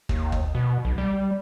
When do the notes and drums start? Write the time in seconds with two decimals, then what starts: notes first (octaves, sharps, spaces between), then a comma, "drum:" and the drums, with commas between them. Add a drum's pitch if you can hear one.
0.09 D#2, drum: kick
0.32 drum: kick
0.55 B2
0.85 B1
0.98 G3